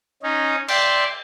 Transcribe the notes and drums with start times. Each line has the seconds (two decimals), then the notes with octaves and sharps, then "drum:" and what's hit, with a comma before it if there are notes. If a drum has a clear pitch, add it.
0.23 C#4 D#4
0.68 D5 E5 G5 C6, drum: cymbal